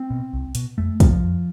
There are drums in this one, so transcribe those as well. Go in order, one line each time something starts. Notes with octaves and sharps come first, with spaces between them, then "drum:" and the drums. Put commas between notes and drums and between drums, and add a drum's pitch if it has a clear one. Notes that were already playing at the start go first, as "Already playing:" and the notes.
Already playing: C4
B2
C2
B2, drum: hi-hat
F2 A3
C3 F3, drum: kick, hi-hat
F2